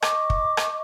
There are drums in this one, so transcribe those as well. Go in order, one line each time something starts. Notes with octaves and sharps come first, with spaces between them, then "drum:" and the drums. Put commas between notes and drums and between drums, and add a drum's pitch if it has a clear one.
D#5 C#6 D6, drum: rim click
drum: kick
drum: rim click